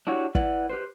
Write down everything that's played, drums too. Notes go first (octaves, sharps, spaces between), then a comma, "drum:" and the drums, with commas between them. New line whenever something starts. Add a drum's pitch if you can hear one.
D4 E4 F#4 G4 C#5
E4 B4 D5 F#5, drum: kick
G4 B4 C5